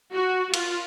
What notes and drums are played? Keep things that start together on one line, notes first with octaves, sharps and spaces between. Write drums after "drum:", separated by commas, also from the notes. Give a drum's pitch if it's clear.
F#4
F4, drum: cymbal